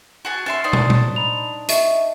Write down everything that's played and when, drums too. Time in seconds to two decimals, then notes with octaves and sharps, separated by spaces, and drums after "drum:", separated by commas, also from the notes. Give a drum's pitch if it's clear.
0.25 F#4 G#4 A5
0.46 C#4 E5 C6 A6 C7
0.64 D4 D#4 C5
0.73 drum: tom
0.90 drum: tom A#2
1.16 A#5 B5 F7
1.69 D#5 E5 C#6, drum: hi-hat